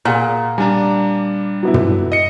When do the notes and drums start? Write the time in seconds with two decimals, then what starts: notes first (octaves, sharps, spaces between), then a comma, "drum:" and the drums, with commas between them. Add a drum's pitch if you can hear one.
0.05 A#2 G#4 F#5 G#5
0.58 G3 D4 G#5 A#5
1.63 F#3 B3 E4
1.74 drum: tom
2.12 D#5 C#7